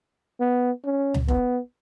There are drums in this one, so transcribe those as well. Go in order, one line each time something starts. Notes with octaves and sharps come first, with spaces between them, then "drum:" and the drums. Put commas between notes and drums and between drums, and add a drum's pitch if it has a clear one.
B3
C#4
drum: tom C#2
B3, drum: kick F1